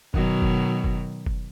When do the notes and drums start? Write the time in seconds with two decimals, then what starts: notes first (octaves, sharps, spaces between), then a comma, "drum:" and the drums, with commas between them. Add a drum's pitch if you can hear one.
0.14 B2 D#3 F#3, drum: kick
0.42 drum: kick
0.84 drum: kick
1.26 drum: kick